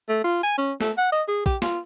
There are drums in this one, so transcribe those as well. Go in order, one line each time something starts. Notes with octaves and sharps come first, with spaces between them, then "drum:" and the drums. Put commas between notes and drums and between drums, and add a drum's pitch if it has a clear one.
A3
F4
G#5, drum: tambourine
C#4
A3, drum: snare
F#5
D#5, drum: tambourine
G#4
G4, drum: kick, tambourine
F4, drum: snare